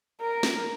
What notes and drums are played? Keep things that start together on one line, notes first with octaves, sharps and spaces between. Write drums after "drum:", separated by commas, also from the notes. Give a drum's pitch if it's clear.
A#4
drum: snare